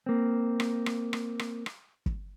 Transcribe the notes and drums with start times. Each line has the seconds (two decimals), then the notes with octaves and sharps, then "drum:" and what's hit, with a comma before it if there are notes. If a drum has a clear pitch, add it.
0.06 A#3 C4
0.60 drum: rim click
0.86 drum: rim click
1.13 drum: rim click
1.39 drum: rim click
1.66 drum: rim click
2.06 drum: kick